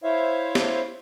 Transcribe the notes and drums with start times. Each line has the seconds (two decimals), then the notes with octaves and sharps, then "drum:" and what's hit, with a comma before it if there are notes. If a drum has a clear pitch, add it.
0.04 E4 C5 C#5 E5 F5
0.55 drum: snare